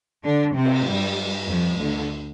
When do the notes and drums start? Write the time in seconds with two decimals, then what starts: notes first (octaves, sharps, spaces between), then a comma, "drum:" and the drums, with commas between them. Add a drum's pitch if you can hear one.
0.23 D3 D4
0.55 C3 C4
0.65 drum: cymbal
0.86 G2 G3
1.47 F2 F3
1.79 D2 D3